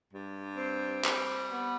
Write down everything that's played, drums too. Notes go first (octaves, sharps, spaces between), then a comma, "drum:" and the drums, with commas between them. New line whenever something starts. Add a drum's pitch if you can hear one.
G2
C4
G3, drum: clap
B3